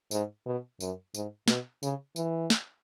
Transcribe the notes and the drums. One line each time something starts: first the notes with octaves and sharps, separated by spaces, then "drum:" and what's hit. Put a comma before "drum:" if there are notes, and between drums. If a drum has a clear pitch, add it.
G#2, drum: tambourine
B2
F#2, drum: tambourine
G#2, drum: tambourine
B2, drum: snare
C#3, drum: tambourine
E3, drum: tambourine
drum: snare